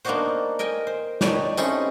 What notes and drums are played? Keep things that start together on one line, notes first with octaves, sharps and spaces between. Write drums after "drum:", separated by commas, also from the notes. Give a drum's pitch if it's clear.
A#3 B3 D4 D#4 F#4 C5
A#4 D#5 G5 G#5
C5
D#4 G4 B4 C#5 D5 A5, drum: snare
C4 C#4 D#4 E4 G#4 A4, drum: tambourine